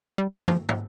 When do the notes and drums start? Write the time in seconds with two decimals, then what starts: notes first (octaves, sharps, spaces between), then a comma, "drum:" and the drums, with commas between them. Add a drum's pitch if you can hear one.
0.18 G3
0.48 F3, drum: tom
0.69 drum: tom